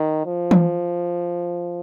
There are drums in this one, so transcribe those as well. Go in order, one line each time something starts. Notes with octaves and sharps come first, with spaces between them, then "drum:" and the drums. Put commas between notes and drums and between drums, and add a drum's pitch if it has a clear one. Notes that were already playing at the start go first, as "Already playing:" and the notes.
Already playing: D#3
F3
drum: tom E3